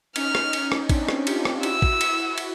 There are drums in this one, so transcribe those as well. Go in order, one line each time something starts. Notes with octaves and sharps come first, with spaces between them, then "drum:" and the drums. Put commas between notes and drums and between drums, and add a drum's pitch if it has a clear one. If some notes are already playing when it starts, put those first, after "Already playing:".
C#4 D#4 F6, drum: cymbal
drum: rim click
drum: cymbal
drum: rim click
C4 D4, drum: kick, cymbal
drum: rim click
F4 G4, drum: cymbal
drum: rim click
E4 F#4 E6, drum: cymbal
drum: kick
drum: cymbal
drum: cymbal